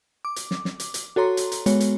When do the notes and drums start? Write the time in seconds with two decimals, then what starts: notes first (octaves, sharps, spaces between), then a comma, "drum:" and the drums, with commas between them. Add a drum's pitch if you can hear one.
0.25 D6
0.36 drum: hi-hat
0.51 drum: snare
0.65 drum: snare
0.80 drum: hi-hat
0.94 drum: hi-hat
1.16 F#4 A4 C#5 A#5 C6
1.37 drum: hi-hat
1.52 drum: hi-hat
1.66 G#3 B3 F#4 C#5, drum: hi-hat
1.80 drum: hi-hat